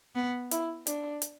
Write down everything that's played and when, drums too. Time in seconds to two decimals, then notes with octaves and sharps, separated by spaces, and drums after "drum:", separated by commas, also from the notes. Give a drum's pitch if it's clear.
0.16 B3
0.51 E4, drum: hi-hat
0.87 D4, drum: hi-hat
1.22 drum: hi-hat